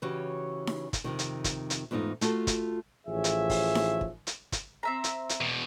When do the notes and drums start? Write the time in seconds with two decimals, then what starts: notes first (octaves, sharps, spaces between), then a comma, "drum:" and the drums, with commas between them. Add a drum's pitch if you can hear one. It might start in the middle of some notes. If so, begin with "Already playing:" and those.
0.02 C#3 E3 C#4 F#4 G4 C#5
0.67 drum: snare D#4
0.93 drum: kick, hi-hat
1.04 F2 C3 D#3
1.19 drum: hi-hat
1.44 drum: kick, hi-hat
1.70 drum: hi-hat
1.91 E2 G#2 A3 D#4 F4
2.21 A3 F4 F#4 A4, drum: hi-hat
2.47 drum: kick, hi-hat
3.07 A1 F3 G#4 C#5 E5
3.24 drum: hi-hat
3.50 drum: kick, open hi-hat
3.75 drum: snare D#4
4.01 drum: kick
4.27 drum: hi-hat
4.52 drum: kick, hi-hat
4.83 C4 E5 A#5
5.04 drum: hi-hat
5.29 drum: hi-hat
5.41 E2 B2